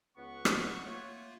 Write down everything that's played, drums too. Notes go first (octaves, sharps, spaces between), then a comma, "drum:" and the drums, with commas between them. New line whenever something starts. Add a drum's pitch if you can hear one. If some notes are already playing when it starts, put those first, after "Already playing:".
C#2 B3 F#5 C#6
drum: rim click
A3 A#3 F4 C#5